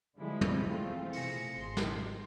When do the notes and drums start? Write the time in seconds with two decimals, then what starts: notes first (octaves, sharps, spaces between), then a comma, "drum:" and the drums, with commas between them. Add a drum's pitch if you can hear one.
0.17 D3 F3 G3 G#3 E4
0.41 drum: tom
0.66 E3 F3 A3 C4 F4
1.13 C3 G#4 A#6 C#7, drum: open hi-hat
1.52 G#1 C6
1.77 drum: snare